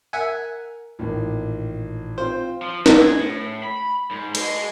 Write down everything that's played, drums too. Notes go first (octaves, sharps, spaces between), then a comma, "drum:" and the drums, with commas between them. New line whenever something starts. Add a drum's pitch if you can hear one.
A#4 E5 F#5 G#5
A1 A#2 D#3
C4 F4 C5
F3
A4, drum: snare
G#4
A2
B5
G#2
G#3, drum: cymbal